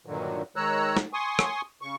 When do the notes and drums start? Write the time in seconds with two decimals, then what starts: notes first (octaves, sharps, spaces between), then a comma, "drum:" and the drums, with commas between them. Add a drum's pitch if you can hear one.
0.06 G2 A#2 D3 D#3 F#3
0.56 D#3 G#3 C#5 A#5 E6 F#6
0.97 drum: snare
1.13 G#5 C6 C#6 D#6
1.39 drum: rim click
1.82 C#3 C#6